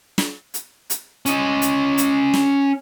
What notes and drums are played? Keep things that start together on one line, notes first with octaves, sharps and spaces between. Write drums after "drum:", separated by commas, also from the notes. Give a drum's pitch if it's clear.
drum: snare
drum: hi-hat
drum: hi-hat
C#4 D#5, drum: hi-hat
drum: hi-hat
drum: hi-hat
drum: snare